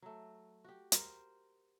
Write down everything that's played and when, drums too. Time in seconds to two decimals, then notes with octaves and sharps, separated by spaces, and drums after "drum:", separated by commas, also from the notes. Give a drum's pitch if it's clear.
0.02 F#3 A3
0.64 F#4 G4
0.92 A#4 C5, drum: hi-hat